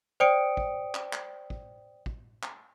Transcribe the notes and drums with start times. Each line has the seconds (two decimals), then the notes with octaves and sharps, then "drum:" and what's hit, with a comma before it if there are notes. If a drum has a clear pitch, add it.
0.20 C5 D5 G5 D#6 C#7 D7
0.57 drum: kick
0.94 drum: clap
1.13 drum: clap
1.50 drum: kick
2.06 drum: kick
2.43 drum: clap